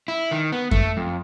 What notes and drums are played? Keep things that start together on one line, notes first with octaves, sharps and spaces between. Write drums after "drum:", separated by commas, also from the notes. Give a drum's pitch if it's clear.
E4
D#3
B3
A3, drum: kick F#2
F2